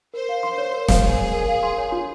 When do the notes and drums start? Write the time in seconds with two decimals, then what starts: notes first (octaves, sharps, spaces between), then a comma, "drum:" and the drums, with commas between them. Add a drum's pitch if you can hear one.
0.14 A#4 C5
0.29 F5
0.43 C6
0.58 C#5
0.74 A#4
0.88 F5, drum: snare
1.03 G#4 C6
1.18 C#5
1.33 A#4
1.48 F5
1.63 C6
1.78 C#5
1.92 F4